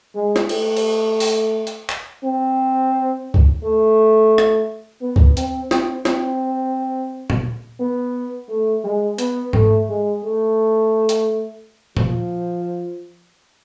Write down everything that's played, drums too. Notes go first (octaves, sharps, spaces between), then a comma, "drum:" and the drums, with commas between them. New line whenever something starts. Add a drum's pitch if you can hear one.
G#3
drum: snare
A3, drum: cymbal
drum: cymbal
drum: open hi-hat
drum: hi-hat
drum: clap
C4
drum: kick
A3
drum: rim click
B3
drum: kick
C4, drum: hi-hat
C4, drum: snare
C4, drum: snare
drum: tom A#2
B3
A3
G#3
B3, drum: hi-hat
A3, drum: tom G#2
G#3
A3
drum: hi-hat
F3, drum: tom A#2